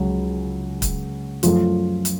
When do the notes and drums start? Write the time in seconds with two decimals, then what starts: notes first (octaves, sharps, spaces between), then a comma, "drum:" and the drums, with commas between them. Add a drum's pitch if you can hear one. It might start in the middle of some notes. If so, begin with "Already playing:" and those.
Already playing: C#2 C#3 F#3
0.82 drum: kick, hi-hat
1.43 F#2 F3 A3 F4, drum: hi-hat
2.05 drum: hi-hat